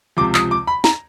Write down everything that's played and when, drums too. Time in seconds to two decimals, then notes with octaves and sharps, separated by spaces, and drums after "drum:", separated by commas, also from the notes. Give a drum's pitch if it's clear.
0.17 C#2 C3 F3 D6
0.34 D#6, drum: clap
0.51 D6
0.67 B5
0.84 A#5, drum: snare